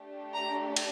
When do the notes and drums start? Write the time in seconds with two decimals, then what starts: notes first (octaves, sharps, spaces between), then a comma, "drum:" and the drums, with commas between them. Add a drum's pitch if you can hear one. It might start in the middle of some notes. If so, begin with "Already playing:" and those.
Already playing: A3 D4 G4
0.33 A#5
0.76 drum: cymbal